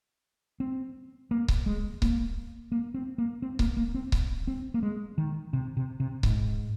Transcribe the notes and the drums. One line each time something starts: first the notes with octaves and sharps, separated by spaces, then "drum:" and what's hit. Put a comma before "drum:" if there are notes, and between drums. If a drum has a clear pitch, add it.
C4
A#3
drum: kick C#1
G#3
A#3, drum: kick C#1
A#3
C4
A#3
C4
A#3, drum: kick C#1
A#3
C4
drum: kick C#1
C4
A#3
G#3
D#3
C3
C3
C3
G#2, drum: kick C#1